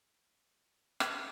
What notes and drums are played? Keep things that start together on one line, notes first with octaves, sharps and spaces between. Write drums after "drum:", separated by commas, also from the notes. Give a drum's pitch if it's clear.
G3 G#3 B3 D4 E5
drum: rim click